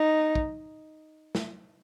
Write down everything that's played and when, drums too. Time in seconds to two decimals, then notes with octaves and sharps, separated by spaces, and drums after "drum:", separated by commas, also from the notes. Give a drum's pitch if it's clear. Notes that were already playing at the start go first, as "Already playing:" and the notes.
Already playing: D#4
0.35 drum: kick
1.35 drum: snare